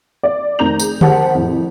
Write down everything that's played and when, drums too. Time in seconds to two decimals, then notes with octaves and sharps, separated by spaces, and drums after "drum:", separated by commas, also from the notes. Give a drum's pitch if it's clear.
0.23 D5
0.59 F1 D#3 C4 A#5 G6 F7
0.80 G#4, drum: tambourine
1.01 G4 G#4 A#4 C5 F#5 A5, drum: tom D3
1.35 F2 A2